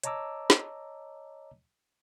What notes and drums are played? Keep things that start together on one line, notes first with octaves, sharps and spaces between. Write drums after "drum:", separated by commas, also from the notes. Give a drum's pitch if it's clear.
C#5 D#5 A5 A#5 D6 E6, drum: hi-hat
drum: snare